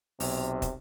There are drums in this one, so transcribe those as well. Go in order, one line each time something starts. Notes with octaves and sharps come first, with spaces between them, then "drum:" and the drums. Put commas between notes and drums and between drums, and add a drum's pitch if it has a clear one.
B1 C3, drum: open hi-hat
drum: kick, hi-hat